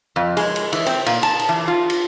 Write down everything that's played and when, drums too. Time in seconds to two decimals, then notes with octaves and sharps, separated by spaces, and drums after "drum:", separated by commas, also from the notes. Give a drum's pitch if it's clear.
0.16 F2
0.37 G#3, drum: cymbal
0.56 drum: cymbal
0.73 E3, drum: cymbal
0.86 C4, drum: cymbal
1.06 A#2, drum: cymbal
1.23 A5, drum: cymbal
1.39 drum: cymbal
1.49 E3
1.68 F4
1.90 drum: cymbal